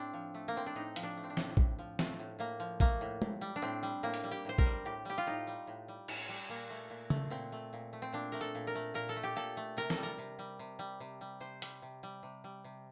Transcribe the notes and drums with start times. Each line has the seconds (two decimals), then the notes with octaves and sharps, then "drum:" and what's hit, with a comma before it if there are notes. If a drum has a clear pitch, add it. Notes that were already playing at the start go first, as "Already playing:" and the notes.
Already playing: A2 C4 D4
0.14 F3
0.35 A3
0.48 A#3
0.55 A2 C4
0.66 D4
0.76 A2 D#4
0.96 F3, drum: hi-hat
1.03 D4
1.17 A3
1.24 C4
1.30 D4
1.37 A2, drum: snare
1.57 A2, drum: kick
1.79 F3
1.99 A3, drum: snare
2.19 A2
2.39 A2 A#3
2.60 F3
2.80 A3 A#3, drum: kick
3.01 A2
3.22 A2, drum: tom
3.41 G3
3.56 D4
3.62 A2 C4
3.83 G3
4.03 A2 A#3
4.14 drum: hi-hat
4.24 G3
4.31 G4
4.45 A2 C5
4.58 A#4, drum: kick
4.65 G3
4.85 A2 G4
5.05 G3 G4
5.18 F4
5.27 A2 D#4
5.47 G3
5.67 A2
5.88 G3
6.08 A2, drum: cymbal
6.29 G3
6.49 A#2 A#3
6.70 A3
6.90 A#2
7.10 A3, drum: tom
7.30 A#2 C4
7.52 A3
7.73 A#2
7.93 A3
8.02 C4
8.13 A#2 D4
8.32 A3 A#4
8.41 A4
8.55 A#2
8.67 A#4
8.75 A3
8.94 A#2 A#4
9.09 A4
9.16 A3
9.23 G4
9.36 A#2 A4
9.57 A3
9.77 C3 A#4
9.90 A4, drum: snare
9.97 G3
10.03 A#4
10.18 C3
10.39 G3
10.59 C3
10.79 G3
11.00 C3
11.21 G3
11.40 C3 C5
11.62 G3, drum: hi-hat
11.82 C3
12.03 G3
12.23 C3
12.44 G3
12.65 C3